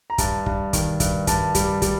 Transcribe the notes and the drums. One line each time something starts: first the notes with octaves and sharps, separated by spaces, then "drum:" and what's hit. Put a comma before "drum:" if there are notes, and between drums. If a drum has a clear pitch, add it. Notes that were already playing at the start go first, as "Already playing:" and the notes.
A#5
G2 A5, drum: kick, hi-hat
G2, drum: kick
D#3, drum: kick, hi-hat
G2, drum: kick, hi-hat
G2 A5, drum: kick, hi-hat
G3, drum: kick, hi-hat
G3, drum: kick, hi-hat